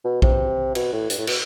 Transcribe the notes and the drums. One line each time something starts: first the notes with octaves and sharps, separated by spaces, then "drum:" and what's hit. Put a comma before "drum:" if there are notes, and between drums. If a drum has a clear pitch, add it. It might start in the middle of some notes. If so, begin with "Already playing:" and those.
B2
C3, drum: kick A#1
B2, drum: cymbal
A2
G2, drum: hi-hat
A2
B2, drum: cymbal